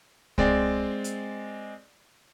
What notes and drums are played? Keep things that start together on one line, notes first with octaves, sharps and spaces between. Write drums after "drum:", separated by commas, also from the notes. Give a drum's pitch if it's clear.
G#3 C4 D5, drum: kick C2
drum: hi-hat